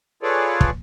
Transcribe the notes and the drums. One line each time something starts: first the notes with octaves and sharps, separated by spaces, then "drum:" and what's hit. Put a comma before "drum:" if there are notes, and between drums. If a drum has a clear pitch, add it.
F4 G#4 A4 B4 C#5 D5
drum: kick